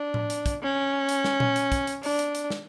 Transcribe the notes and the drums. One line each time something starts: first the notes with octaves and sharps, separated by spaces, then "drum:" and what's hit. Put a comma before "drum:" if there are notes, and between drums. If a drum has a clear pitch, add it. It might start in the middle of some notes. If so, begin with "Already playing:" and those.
Already playing: D4
drum: tom A2
drum: hi-hat
drum: kick, hi-hat
C#4
drum: hi-hat
drum: snare
drum: tom A#2
drum: hi-hat
drum: kick, hi-hat
drum: hi-hat
D4, drum: open hi-hat
drum: hi-hat
drum: hi-hat
drum: snare